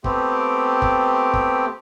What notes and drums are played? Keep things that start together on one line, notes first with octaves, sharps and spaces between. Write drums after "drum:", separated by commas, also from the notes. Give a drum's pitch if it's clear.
A3 B3 C4 G4, drum: kick
drum: kick
drum: kick